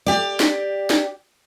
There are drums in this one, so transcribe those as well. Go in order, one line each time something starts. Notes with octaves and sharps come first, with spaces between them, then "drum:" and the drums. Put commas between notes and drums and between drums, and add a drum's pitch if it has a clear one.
G4 D5
drum: snare
drum: snare